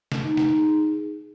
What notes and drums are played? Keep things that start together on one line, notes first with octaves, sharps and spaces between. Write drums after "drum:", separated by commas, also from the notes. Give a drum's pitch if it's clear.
drum: snare
D#4
drum: snare
G#4